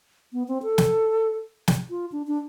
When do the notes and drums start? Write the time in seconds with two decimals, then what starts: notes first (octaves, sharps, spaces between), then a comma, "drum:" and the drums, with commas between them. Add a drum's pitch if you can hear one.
0.33 B3
0.48 C4
0.63 A4
0.78 drum: snare
1.68 drum: snare
1.90 F4
2.12 D4
2.27 D4